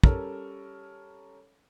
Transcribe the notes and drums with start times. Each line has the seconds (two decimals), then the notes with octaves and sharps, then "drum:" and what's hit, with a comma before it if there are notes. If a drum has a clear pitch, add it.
0.04 G3 C#4 A4 A#4, drum: kick